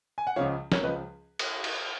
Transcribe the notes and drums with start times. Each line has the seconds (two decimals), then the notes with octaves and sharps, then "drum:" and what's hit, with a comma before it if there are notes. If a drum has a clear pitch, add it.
0.18 G#5
0.27 F#5
0.36 C#2 C#3 F3 C#5 F5
0.72 A#4 C#5, drum: snare
0.83 C#2 C#3 F3 B4 D#5
1.39 drum: cymbal
1.64 drum: cymbal